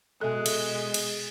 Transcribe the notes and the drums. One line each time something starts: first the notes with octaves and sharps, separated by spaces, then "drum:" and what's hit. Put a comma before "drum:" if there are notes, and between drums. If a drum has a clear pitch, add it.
B2 G#3 A4 E5 G#5 F#6
drum: cymbal
drum: cymbal